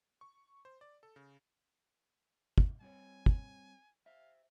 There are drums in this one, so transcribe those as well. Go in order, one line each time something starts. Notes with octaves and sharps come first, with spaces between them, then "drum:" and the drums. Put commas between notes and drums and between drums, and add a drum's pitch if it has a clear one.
C#6
C5
D5
A4
C#3
drum: kick
G3 C4 C#5 G#5
drum: kick
C5 E5 F5